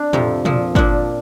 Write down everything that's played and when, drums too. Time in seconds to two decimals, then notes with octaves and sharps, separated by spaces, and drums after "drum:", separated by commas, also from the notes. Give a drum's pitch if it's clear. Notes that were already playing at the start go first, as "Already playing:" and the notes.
Already playing: D4
0.13 F2 C3 F3, drum: tom
0.45 A#2 F3, drum: tom
0.75 A#2 F3 D4, drum: kick